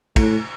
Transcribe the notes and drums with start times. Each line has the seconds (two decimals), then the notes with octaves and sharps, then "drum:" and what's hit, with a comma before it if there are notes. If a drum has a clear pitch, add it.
0.16 A2, drum: kick, cymbal